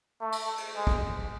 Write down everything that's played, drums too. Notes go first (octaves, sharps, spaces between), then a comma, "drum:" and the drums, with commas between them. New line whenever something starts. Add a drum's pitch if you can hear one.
A3
drum: cymbal
drum: cymbal
G#3
drum: kick